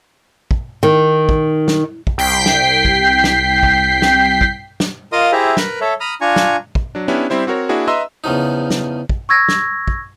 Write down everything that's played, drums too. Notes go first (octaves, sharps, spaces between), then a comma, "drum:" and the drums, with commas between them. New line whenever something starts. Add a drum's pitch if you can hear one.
drum: kick
D#3
drum: kick
drum: snare
drum: kick
C2 G5 G6 B6 C7
drum: snare
drum: kick
drum: snare
drum: kick
drum: snare
drum: kick
drum: snare
F4 A#4 D#5 F5 C6 D#6
E4 G4 G#4 C5 E5 A#5
A#4 B4 A#5 B5, drum: snare
A4 C#5 E5
A#5 B5 D#6 F6
D4 F4 G#5 A#5 C#6
drum: snare
drum: kick
F#3 D4
B3 C#4 D4 E4 G4
G3 C4 E4 C5
C4 F#4 A#4 C#5
A#3 D4 E4 F#4 G#4
B4 D#5 E5 A#5 C6 E6
E2 C#3 F3 D#4
drum: snare
drum: kick
C#6 E6 G#6 A#6
drum: snare
drum: kick